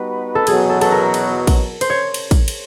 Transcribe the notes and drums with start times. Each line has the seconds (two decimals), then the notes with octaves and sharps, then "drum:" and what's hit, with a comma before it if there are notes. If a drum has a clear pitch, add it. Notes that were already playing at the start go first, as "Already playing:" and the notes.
Already playing: G3 B3 D#4 F#4 B4
0.35 A4
0.47 E2 B2 F#3 B3 G#4, drum: cymbal
0.70 A4
0.81 A4, drum: cymbal
0.92 A#4
1.14 drum: cymbal
1.47 drum: kick, cymbal
1.81 C5, drum: cymbal
1.90 C#5
2.14 drum: cymbal
2.31 drum: kick, cymbal
2.48 drum: cymbal